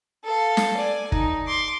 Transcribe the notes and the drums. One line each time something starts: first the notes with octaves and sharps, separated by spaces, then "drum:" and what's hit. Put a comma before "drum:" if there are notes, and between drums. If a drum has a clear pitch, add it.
A4 F5
drum: snare
D5 G#5
D#4, drum: kick
C6 D6